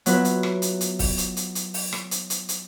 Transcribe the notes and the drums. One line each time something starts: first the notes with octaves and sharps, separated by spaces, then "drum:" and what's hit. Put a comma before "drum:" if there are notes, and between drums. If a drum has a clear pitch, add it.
F#3 B3 E4 F4 B4, drum: hi-hat
drum: hi-hat
drum: rim click
drum: hi-hat
drum: hi-hat
drum: kick C#1, open hi-hat
drum: hi-hat
drum: hi-hat
drum: hi-hat
drum: open hi-hat
drum: rim click
drum: hi-hat
drum: hi-hat
drum: hi-hat